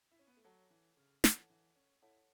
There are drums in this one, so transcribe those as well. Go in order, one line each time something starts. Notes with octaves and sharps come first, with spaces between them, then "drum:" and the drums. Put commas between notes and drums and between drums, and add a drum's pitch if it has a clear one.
E4
C#4
B3
A3
F#3 A4 C#5 F#5 A5
E3
C#3
E3 A4 C#5 F#5 A5, drum: snare
E3
C#4
E4 A4 C#5 F#5 A5